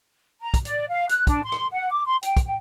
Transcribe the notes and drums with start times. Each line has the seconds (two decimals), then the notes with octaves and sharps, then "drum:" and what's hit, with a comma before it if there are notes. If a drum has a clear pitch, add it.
0.41 A#5
0.54 drum: kick, hi-hat
0.65 D5, drum: hi-hat
0.89 F5
1.09 F#6, drum: hi-hat
1.27 D4, drum: kick, hi-hat
1.43 C6
1.52 drum: rim click
1.72 F#5
1.90 D6
2.05 C6
2.22 G5, drum: hi-hat
2.37 drum: kick, hi-hat
2.46 G5